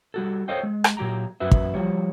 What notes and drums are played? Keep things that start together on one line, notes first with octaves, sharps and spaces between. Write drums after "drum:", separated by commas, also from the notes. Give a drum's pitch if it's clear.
G3 F#4 A4
A4 C5 C#5 D#5 F5 G5
G#3
drum: rim click
A#2 F#3 G4 G5 A#5
F#2 F#4 B4 E5
drum: kick
F3 G3 C#5